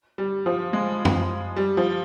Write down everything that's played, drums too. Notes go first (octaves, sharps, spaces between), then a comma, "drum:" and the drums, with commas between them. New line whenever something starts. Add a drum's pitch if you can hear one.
G3
F3
G#3
drum: tom F#2
G3
F3